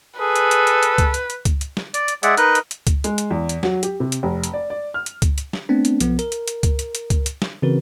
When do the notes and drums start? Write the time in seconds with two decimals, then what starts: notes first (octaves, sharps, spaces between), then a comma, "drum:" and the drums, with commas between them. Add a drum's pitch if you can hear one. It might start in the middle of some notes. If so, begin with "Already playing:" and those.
0.20 G#4 A4 B4
0.36 drum: hi-hat
0.51 drum: hi-hat
0.67 drum: hi-hat
0.83 drum: hi-hat
0.98 drum: kick C#2, hi-hat
1.14 drum: hi-hat
1.30 drum: hi-hat
1.45 drum: kick C#2, hi-hat
1.61 drum: hi-hat
1.77 drum: snare
1.94 D5, drum: hi-hat
2.08 drum: hi-hat
2.23 G#3 G#4 D5 E5 F#5, drum: hi-hat
2.37 D#4 A#4 B4 D#5 F#6, drum: hi-hat
2.55 drum: hi-hat
2.71 drum: hi-hat
2.87 drum: kick C#2, hi-hat
3.04 G#3, drum: hi-hat
3.18 drum: hi-hat
3.31 E2
3.49 drum: hi-hat
3.63 F#3, drum: snare
3.83 G4, drum: hi-hat
4.00 C3
4.12 drum: hi-hat
4.23 F1
4.44 drum: hi-hat
4.53 D5
4.70 D5
4.94 F6
5.06 drum: hi-hat
5.22 drum: kick C#2, hi-hat
5.38 drum: hi-hat
5.53 drum: snare
5.69 A3 B3 C4 D4
5.85 drum: hi-hat
6.00 B1 F3 B3, drum: hi-hat
6.19 A#4, drum: hi-hat
6.32 drum: hi-hat
6.48 drum: hi-hat
6.63 drum: kick C#2, hi-hat
6.79 drum: hi-hat
6.95 drum: hi-hat
7.10 drum: kick C#2, hi-hat
7.26 drum: hi-hat
7.42 drum: snare
7.62 C#3 E3 C4 F#4 A#4 B4